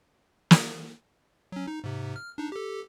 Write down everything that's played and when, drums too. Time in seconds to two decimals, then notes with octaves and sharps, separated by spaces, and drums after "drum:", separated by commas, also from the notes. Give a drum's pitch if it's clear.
0.51 drum: snare
1.52 F#3 C#4
1.67 D#4
1.84 G#2 C3
2.16 F6
2.38 D4 D#4
2.52 G4 A4